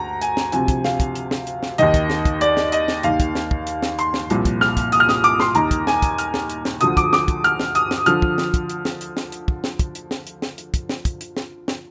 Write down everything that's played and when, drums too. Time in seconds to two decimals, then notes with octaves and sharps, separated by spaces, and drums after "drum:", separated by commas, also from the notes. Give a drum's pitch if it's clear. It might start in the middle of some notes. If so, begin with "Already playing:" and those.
Already playing: D2 A#5
0.21 G#5, drum: hi-hat
0.37 drum: snare
0.52 D2 C3 F3 G#5, drum: hi-hat
0.68 drum: kick, hi-hat
0.84 F5, drum: snare
1.00 drum: kick, hi-hat
1.15 drum: hi-hat
1.31 drum: snare
1.47 drum: hi-hat
1.63 drum: snare
1.78 D#2 D#3 D#5, drum: hi-hat
1.94 drum: kick, hi-hat
2.10 drum: snare
2.25 drum: kick, hi-hat
2.41 D5, drum: hi-hat
2.57 drum: snare
2.72 D#5, drum: hi-hat
2.88 drum: snare
3.03 D#2 D#3 F5, drum: hi-hat
3.20 drum: kick, hi-hat
3.35 drum: snare
3.51 drum: kick
3.67 drum: hi-hat
3.83 drum: snare
3.99 C6, drum: hi-hat
4.14 drum: snare
4.30 C2 A#2 F3, drum: hi-hat
4.45 drum: kick, hi-hat
4.61 F6, drum: snare
4.77 drum: kick, hi-hat
4.92 D#6, drum: hi-hat
5.00 F6
5.09 D#6, drum: snare
5.24 D6, drum: hi-hat
5.40 C6, drum: snare
5.55 D#2 D#3 A#5, drum: hi-hat
5.71 drum: kick, hi-hat
5.87 G#5, drum: snare
6.02 drum: kick, hi-hat
6.18 F6, drum: hi-hat
6.34 drum: snare
6.50 drum: hi-hat
6.65 drum: snare
6.81 D2 D3 F3 D#6, drum: hi-hat
6.97 D6, drum: kick, hi-hat
7.13 D6, drum: snare
7.28 drum: kick, hi-hat
7.44 F6, drum: hi-hat
7.60 drum: snare
7.75 D#6, drum: hi-hat
7.91 drum: snare
8.06 D3 F3 F6, drum: hi-hat
8.22 drum: kick
8.38 drum: snare
8.54 drum: kick, hi-hat
8.69 drum: hi-hat
8.85 drum: snare
9.01 drum: hi-hat
9.17 drum: snare
9.32 drum: hi-hat
9.48 drum: kick
9.64 drum: snare
9.79 drum: kick, hi-hat
9.95 drum: hi-hat
10.11 drum: snare
10.27 drum: hi-hat
10.42 drum: snare
10.58 drum: hi-hat
10.74 drum: kick, hi-hat
10.89 drum: snare
11.05 drum: kick, hi-hat
11.21 drum: hi-hat
11.37 drum: snare
11.68 drum: snare